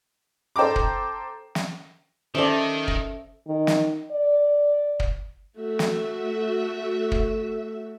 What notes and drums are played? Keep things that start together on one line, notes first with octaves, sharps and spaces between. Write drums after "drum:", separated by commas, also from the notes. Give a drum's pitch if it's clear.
A4 C5 G5 A#5 D6
drum: kick
drum: snare
D#3 C#4 A4 C5 D5 E5
drum: kick
D#3
drum: snare
D5
drum: kick
A3 F#4 A4 E5
drum: snare
drum: kick